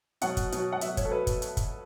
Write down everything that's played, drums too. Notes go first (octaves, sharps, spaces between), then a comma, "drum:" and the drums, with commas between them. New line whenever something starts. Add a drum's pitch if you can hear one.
B2 F#3 F#5, drum: hi-hat
drum: kick, hi-hat
B2 F#3, drum: hi-hat
F#5
B2 F#3 E5, drum: hi-hat
C#5, drum: kick, hi-hat
A4
B4
drum: kick, hi-hat
drum: hi-hat
drum: kick, hi-hat